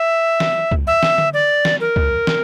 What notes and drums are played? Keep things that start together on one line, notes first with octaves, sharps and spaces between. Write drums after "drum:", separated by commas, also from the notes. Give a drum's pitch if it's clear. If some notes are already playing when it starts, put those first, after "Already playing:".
Already playing: E5
drum: snare
drum: kick
E5
drum: snare
drum: tom D3
D5
drum: snare
A#4
drum: kick
drum: snare